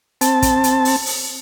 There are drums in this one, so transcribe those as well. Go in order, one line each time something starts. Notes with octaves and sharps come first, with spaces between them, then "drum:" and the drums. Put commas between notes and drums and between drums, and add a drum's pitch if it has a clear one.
C4 A5, drum: hi-hat
drum: kick, hi-hat
drum: hi-hat
drum: open hi-hat
drum: open hi-hat